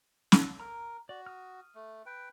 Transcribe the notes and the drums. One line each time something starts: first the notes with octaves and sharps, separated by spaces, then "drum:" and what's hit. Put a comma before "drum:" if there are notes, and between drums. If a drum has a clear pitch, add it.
drum: snare
A#4 A#5
F#4 D5
D#6 F6
A3
B4 G5